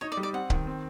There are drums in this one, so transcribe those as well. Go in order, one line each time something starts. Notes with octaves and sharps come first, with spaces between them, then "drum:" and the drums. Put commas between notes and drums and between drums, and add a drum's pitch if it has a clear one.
D#4 C#5
D5
G3
D5
C4 F#5
D#3, drum: kick C#1
C4